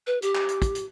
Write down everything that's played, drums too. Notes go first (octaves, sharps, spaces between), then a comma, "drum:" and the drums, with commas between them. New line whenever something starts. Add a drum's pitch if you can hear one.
B4
G4, drum: hi-hat
drum: clap
drum: hi-hat
drum: kick, hi-hat
drum: hi-hat